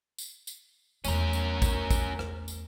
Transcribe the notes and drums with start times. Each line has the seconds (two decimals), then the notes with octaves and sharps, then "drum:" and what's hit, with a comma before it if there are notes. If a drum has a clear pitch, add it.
0.19 drum: tambourine
0.47 drum: tambourine
1.05 E2 A3 C#4 A#4, drum: tambourine
1.33 drum: tambourine
1.62 drum: kick, tambourine
1.91 drum: kick, tambourine
2.19 drum: rim click
2.48 drum: tambourine